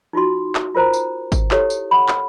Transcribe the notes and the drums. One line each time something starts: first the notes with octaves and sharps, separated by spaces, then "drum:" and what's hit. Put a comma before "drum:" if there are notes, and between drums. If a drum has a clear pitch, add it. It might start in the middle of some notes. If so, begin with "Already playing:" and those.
D#4 F4 F#4 C6
drum: clap
F4 A#4 C5 A#5
drum: tambourine
drum: kick, tambourine
E4 G4 A4 C#5, drum: clap
drum: tambourine
F#5 B5
drum: clap